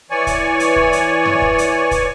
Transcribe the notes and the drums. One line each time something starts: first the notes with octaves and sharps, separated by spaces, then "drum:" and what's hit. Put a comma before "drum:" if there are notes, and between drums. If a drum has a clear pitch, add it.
E3 C#5 D5 G#5 C#6
drum: kick, hi-hat
drum: hi-hat
drum: kick
drum: hi-hat
drum: tom F#2
drum: kick
drum: hi-hat
drum: kick, hi-hat